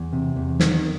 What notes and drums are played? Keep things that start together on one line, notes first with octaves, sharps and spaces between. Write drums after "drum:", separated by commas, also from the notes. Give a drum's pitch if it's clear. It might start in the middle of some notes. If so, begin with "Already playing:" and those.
Already playing: E2
C3
E2
D#3, drum: snare